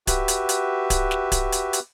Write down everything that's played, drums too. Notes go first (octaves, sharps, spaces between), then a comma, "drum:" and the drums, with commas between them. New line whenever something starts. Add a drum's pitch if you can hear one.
F#4 G4 B4 E5, drum: kick D1, hi-hat
drum: hi-hat
drum: hi-hat
drum: kick D1, hi-hat
drum: snare
drum: kick D1, hi-hat
drum: hi-hat
drum: hi-hat